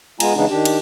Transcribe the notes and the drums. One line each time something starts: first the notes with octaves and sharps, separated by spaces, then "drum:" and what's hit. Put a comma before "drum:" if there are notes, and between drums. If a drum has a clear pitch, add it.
G#3 B3 F4 G#5 A#5, drum: cymbal
C#3 E3 G#3 B3 D4 D#4
D#3 D4 G4
drum: cymbal